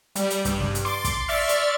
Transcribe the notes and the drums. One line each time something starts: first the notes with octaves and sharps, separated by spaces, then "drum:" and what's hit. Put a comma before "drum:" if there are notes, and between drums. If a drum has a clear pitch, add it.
G3, drum: hi-hat
drum: hi-hat
G2, drum: kick, hi-hat
drum: snare
drum: hi-hat
C6 D6 A6
drum: kick, hi-hat
D5 E5 C6 C#6 F6 A6
drum: hi-hat